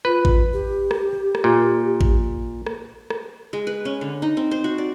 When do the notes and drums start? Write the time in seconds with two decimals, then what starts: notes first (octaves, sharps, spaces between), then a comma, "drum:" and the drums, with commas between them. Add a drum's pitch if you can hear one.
0.05 F4 B4
0.25 drum: kick A1
0.53 G4
0.91 drum: rim click
1.35 drum: rim click
1.44 A#2
2.01 drum: kick A1
2.67 drum: rim click
3.10 drum: rim click
3.53 G#3
3.67 B4
3.85 C#4
4.01 D3
4.22 D#4
4.37 C4
4.51 C5
4.64 F#4
4.78 D5